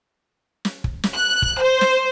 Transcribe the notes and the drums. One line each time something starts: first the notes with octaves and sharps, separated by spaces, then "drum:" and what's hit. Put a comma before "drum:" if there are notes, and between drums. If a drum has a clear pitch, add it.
drum: snare
drum: kick
drum: snare
F#6
drum: kick
C5
drum: snare